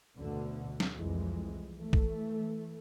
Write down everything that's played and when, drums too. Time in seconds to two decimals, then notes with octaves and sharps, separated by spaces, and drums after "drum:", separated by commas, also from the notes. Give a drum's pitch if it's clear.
0.18 D2 B2 D3
0.80 drum: snare
0.93 C2 F2 E3 G#3
1.72 E3 A3
1.93 drum: kick